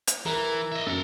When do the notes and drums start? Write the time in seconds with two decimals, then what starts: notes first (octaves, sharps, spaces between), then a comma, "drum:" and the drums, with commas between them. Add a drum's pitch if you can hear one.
0.07 drum: hi-hat
0.26 E3 A#4
0.72 D#5 E5
0.86 F#2 A4 A#5